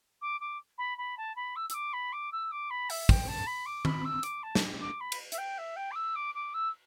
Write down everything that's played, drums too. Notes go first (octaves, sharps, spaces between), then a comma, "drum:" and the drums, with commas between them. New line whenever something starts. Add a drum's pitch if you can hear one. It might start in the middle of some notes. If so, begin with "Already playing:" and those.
D6
D6
B5
B5
A5
B5
E6
E6, drum: hi-hat
D6
B5
D6
E6
D6
B5
E5, drum: open hi-hat
G5, drum: kick
A5
B5
D6
B5, drum: tom D#3
E6
D6, drum: hi-hat
A5
drum: snare
D6
B5
drum: cymbal
E5, drum: hi-hat
G5
E5
G5
D6
E6
D6
D6
E6